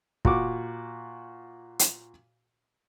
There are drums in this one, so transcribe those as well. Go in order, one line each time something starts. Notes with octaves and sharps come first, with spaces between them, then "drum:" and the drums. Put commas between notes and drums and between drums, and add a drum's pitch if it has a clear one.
A#2 F#4 D6, drum: kick
drum: hi-hat